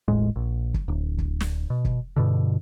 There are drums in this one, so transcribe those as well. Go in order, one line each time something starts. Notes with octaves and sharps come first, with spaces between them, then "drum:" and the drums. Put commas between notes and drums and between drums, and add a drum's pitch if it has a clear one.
E1 A1 A2 G#3
A#1
drum: kick
D1
drum: kick
drum: snare
B2
drum: kick
G2 B2 D3